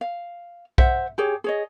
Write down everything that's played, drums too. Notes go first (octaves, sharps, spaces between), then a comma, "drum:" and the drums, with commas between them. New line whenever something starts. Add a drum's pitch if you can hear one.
F5
C5 E5 F#5, drum: kick B1
G4 G#4 C#5
G#4 C#5 D#5